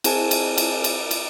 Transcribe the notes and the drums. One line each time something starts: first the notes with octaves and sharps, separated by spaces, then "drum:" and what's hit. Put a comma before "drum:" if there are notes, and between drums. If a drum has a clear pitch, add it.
C4 E4 G#4 C5 G#5 A5, drum: cymbal
drum: cymbal
drum: cymbal
drum: cymbal
drum: cymbal